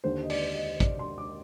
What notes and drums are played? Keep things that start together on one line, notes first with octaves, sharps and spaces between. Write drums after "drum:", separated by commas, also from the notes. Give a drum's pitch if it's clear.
D#2 D3 C5
D#5
D5, drum: open hi-hat
D#5
D5, drum: kick, hi-hat
C6
D6